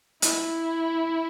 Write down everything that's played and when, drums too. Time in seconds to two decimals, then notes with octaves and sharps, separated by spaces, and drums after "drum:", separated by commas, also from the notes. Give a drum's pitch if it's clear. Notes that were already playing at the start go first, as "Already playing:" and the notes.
0.22 E4, drum: hi-hat